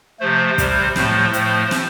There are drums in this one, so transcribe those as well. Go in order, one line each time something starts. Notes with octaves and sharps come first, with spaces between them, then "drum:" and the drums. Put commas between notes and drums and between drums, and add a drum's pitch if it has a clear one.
C3 F3 A3 C5
C3 G3, drum: kick, hi-hat
A2 F3 A3 C5, drum: snare
A2 F3 A3, drum: hi-hat
drum: snare